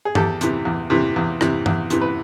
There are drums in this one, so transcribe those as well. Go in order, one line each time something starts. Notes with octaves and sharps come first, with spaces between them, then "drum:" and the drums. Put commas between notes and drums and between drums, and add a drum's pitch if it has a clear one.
G#4
E2 G4 A4, drum: tom G2
C3 E3, drum: hi-hat
E2
C3 E3
E2
C3 E3, drum: rim click
E2, drum: tom G2
C3 E3, drum: hi-hat
B4